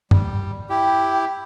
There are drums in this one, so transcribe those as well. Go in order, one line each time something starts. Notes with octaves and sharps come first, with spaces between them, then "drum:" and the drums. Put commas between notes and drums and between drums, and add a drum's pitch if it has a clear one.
G3, drum: tom G2
E4 G4 G5